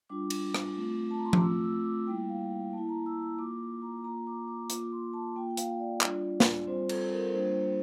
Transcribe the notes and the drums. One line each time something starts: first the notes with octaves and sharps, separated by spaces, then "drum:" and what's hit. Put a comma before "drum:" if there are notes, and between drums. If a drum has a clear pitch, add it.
G3 D4 F4 D6
drum: cymbal
drum: rim click
A3 C4 F4
A5
A#5
C6
D6, drum: tom F3
A3 C4 F4 E6
E6
D6
G3 A#3 E4 G5
F5
A#3 E4 A5
A#5
E6
E6
A#3 F4 D6
A#5
A#3 F4 A#5
D6
D6
A#3 F4 D6, drum: hi-hat
C6
A5
A#3 F4 G5
G5
F5, drum: hi-hat
D5
G3 D4 F4, drum: clap
drum: snare
G3 C4 F4 C5
A4, drum: cymbal
A#4
G3 A#3 D4 F4 C5